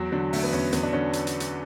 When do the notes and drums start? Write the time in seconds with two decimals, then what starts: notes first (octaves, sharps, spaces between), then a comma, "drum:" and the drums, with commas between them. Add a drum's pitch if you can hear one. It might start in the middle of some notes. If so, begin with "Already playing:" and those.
Already playing: E2 F#3
0.12 D3 F#3
0.33 D3 A3, drum: open hi-hat
0.43 B3
0.53 E2 C#4
0.72 E2 B3, drum: hi-hat
0.83 D4
0.93 D3 C#4
1.13 drum: hi-hat
1.27 drum: hi-hat
1.40 drum: hi-hat